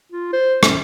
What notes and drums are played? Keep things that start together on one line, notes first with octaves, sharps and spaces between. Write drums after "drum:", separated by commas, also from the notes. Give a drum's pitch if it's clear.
F4
C5
C#4, drum: rim click